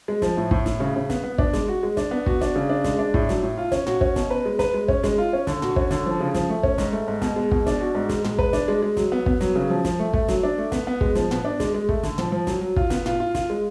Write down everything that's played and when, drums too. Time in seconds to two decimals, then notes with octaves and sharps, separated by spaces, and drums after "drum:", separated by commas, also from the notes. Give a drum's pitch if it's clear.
0.08 G#3
0.22 F3, drum: snare
0.37 A2
0.51 A2, drum: kick
0.66 A2, drum: snare
0.80 C#3
0.96 C#3
1.09 B3, drum: snare
1.24 B3
1.38 D4, drum: kick
1.53 G#3, drum: snare
1.68 F#4
1.83 G#3
1.97 D4, drum: snare
2.11 B3
2.26 F#4, drum: kick
2.41 D4, drum: snare
2.56 C#3
2.69 D4
2.84 G#3, drum: snare
2.99 D4
3.14 A2, drum: kick
3.29 F#3, drum: snare
3.43 A2
3.58 F4
3.72 C#4, drum: snare
3.87 F#4, drum: tom
4.01 C#4, drum: kick
4.16 B2, drum: snare
4.30 B4
4.45 G#3
4.59 B4, drum: snare
4.74 G#3
4.88 C#4, drum: kick
5.04 G#3, drum: snare
5.18 F4
5.33 C#4
5.47 D3, drum: snare
5.62 F#4, drum: tom
5.76 C#4, drum: kick
5.91 D3, drum: snare
6.06 F3
6.20 C#3
6.34 F3, drum: snare
6.50 A3
6.63 C#4, drum: kick
6.78 G#2, drum: snare
6.92 A3
7.08 G#2
7.21 B2, drum: snare
7.36 G#3
7.51 B2, drum: kick
7.66 D4, drum: snare
7.80 F#4
7.95 G#2
8.09 G#3, drum: snare
8.24 G#3, drum: tom
8.38 B4, drum: kick
8.53 D4, drum: snare
8.68 G#3
8.82 G#3
8.97 F#3, drum: snare
9.12 B3
9.26 B3, drum: kick
9.41 F#3, drum: snare
9.56 C#3
9.70 F3
9.84 F3, drum: snare
9.99 A3
10.13 A3, drum: kick
10.28 F#3, drum: snare
10.43 D4
10.58 A3
10.72 B3, drum: snare
10.87 B3
11.01 G#3, drum: kick
11.15 F3, drum: snare
11.31 B3, drum: tom
11.45 D4
11.60 G#3, drum: snare
11.74 G#3
11.89 A3, drum: kick
12.03 D3, drum: snare
12.18 F3, drum: tom
12.32 F3
12.47 F#3, drum: snare
12.61 F#3
12.76 F4, drum: kick
12.90 B3, drum: snare
13.06 F4, drum: tom
13.20 F4
13.35 F4, drum: snare
13.50 G#3